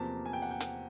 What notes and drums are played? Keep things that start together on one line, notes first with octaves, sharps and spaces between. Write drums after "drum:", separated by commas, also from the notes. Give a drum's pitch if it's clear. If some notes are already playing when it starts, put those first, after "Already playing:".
Already playing: E2 C3 F3 A#3 A5
G#5
G5
F#5
G5
drum: hi-hat